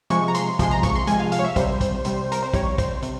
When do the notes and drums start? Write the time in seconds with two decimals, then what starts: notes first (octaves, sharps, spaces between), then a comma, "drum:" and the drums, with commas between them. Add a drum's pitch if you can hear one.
0.10 C3 F3 G#3 C#6, drum: hi-hat
0.28 A#5
0.35 C6, drum: hi-hat
0.59 C3 F3 G#3 C6, drum: kick, hi-hat
0.71 A#5
0.83 C#6, drum: kick, hi-hat
0.95 C6
1.07 C3 F3 G#3 G#5, drum: hi-hat
1.20 F5
1.32 F5, drum: hi-hat
1.39 C#5
1.44 E5
1.56 C3 G3 C5, drum: kick, hi-hat
1.81 drum: kick, hi-hat
2.05 C3 G3, drum: hi-hat
2.32 A#4, drum: hi-hat
2.43 C5
2.54 C3 G3 C#5, drum: kick, hi-hat
2.78 C5, drum: kick, hi-hat
3.03 C3, drum: hi-hat